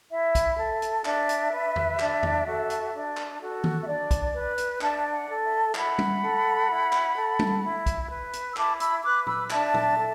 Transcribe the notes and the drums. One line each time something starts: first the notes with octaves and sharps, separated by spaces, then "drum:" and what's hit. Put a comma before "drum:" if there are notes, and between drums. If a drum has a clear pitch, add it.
E4 E5
drum: kick, hi-hat
A4
drum: hi-hat
D4 E5, drum: clap
drum: hi-hat
B4
drum: tom E2
D4, drum: clap
drum: tom E2
F#4 A4
drum: hi-hat
D4
drum: clap
F#4 A4
drum: tom D#3
E5
D4 D5
drum: kick, hi-hat
B4
drum: hi-hat
D4 E5 A5, drum: clap
D5 F#5
A4
E5
E4 F#5 B5, drum: clap
drum: tom
A4
E4
drum: clap
A4
drum: tom
E4
drum: kick, hi-hat
B4
drum: hi-hat
E6
E4 A5 D6, drum: clap
B5 E6, drum: hi-hat
B4 D6 F#6
B5 E6, drum: tom A#2
D4 E5 A5, drum: clap
drum: tom A#2
A4